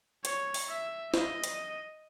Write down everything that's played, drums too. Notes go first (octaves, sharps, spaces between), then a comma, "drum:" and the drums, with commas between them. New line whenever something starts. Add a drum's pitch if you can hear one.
C#5, drum: hi-hat
drum: open hi-hat
E5
D#5, drum: snare
drum: hi-hat